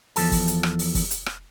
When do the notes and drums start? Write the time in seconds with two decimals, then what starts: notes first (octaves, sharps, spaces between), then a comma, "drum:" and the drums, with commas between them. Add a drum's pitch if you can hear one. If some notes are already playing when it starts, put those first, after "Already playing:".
0.16 E2 G#2 F3 A4 A5, drum: open hi-hat
0.32 drum: kick, open hi-hat
0.47 drum: hi-hat
0.63 drum: rim click
0.79 drum: open hi-hat
0.95 drum: kick, open hi-hat
1.11 drum: hi-hat
1.26 drum: rim click